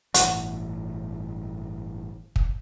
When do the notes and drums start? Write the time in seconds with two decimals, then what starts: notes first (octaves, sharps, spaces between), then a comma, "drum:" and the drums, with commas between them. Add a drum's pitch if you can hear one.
0.14 G1 A2 E3 F#4, drum: hi-hat
2.36 drum: kick